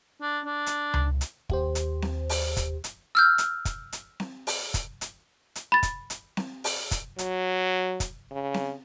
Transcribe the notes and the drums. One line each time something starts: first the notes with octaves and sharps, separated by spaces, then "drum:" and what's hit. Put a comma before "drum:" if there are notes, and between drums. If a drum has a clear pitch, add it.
D4
D4
drum: hi-hat
drum: tom C#2
drum: hi-hat
D#2 G4 C5, drum: kick
drum: hi-hat
drum: snare C4
drum: open hi-hat
drum: kick, hi-hat
drum: hi-hat
E6 F6 G6
drum: hi-hat
drum: kick, hi-hat
drum: hi-hat
drum: snare C4
drum: open hi-hat
drum: kick, hi-hat
drum: hi-hat
drum: hi-hat
B5 A6
drum: kick, hi-hat
drum: hi-hat
drum: snare C4
drum: open hi-hat
drum: kick, hi-hat
F#3, drum: hi-hat
drum: kick, hi-hat
C#3
drum: snare C4